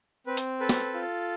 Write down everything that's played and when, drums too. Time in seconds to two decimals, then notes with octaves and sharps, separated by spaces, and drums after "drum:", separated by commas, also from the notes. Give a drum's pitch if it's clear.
0.27 C4 B4
0.37 drum: hi-hat
0.60 A4 B4
0.69 drum: snare
0.94 F4